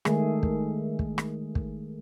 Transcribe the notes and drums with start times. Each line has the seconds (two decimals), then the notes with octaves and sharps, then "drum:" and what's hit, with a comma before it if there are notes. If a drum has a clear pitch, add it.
0.05 D#3 G#3 A3 G#4, drum: rim click
0.43 drum: kick
0.99 drum: kick
1.18 drum: rim click
1.55 drum: kick